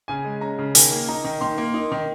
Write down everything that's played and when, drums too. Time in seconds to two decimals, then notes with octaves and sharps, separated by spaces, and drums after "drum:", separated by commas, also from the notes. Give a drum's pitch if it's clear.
0.08 C#3 G#5
0.25 G#3
0.41 C#4 A#5
0.59 C#3
0.75 D#3 G#5, drum: open hi-hat
0.91 A#3
1.08 D#4 A#5
1.24 D#3
1.41 D#3 C6
1.58 A#3
1.74 D#4
1.92 D#3